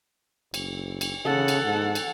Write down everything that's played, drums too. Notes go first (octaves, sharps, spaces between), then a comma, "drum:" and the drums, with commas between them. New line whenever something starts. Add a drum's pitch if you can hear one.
F#1, drum: cymbal
drum: cymbal
C#3 A4 F#5
drum: cymbal
G#2
drum: cymbal